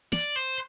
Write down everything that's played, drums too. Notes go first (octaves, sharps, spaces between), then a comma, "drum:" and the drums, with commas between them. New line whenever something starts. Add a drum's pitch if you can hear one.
D5, drum: snare
C5